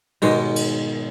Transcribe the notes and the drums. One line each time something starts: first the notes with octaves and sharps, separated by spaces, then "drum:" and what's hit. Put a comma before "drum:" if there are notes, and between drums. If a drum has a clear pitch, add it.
G#2 B2 D#3 G#3, drum: cymbal
drum: cymbal